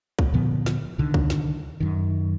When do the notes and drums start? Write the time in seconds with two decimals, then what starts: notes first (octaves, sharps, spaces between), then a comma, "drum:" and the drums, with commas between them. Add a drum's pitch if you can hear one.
0.19 drum: kick
0.34 A#2 D3 F3 B3
0.66 drum: snare
0.98 C2 D3 D#3
1.14 drum: kick
1.30 drum: snare
1.80 F#2 D#3